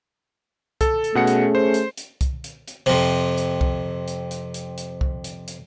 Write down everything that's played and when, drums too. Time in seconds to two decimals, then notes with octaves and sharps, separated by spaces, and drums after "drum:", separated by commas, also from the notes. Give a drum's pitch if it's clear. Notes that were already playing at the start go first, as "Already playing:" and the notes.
0.81 A4, drum: kick C2, hi-hat
1.04 drum: hi-hat
1.15 B2 A3 C#4 G#4 F#5 C#7
1.27 drum: hi-hat
1.55 C5
1.74 drum: hi-hat
1.97 drum: hi-hat
2.21 drum: kick C2, hi-hat
2.44 drum: hi-hat
2.68 drum: hi-hat
2.86 F2 C3
3.38 drum: hi-hat
3.61 drum: kick C2
4.08 drum: hi-hat
4.31 drum: hi-hat
4.54 drum: hi-hat
4.78 drum: hi-hat
5.01 drum: kick C2
5.24 drum: hi-hat
5.48 drum: hi-hat